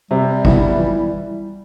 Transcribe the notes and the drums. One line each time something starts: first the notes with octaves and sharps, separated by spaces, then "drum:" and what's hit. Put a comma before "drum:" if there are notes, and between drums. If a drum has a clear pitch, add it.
C3 G3
E3 B3 E4, drum: kick
E3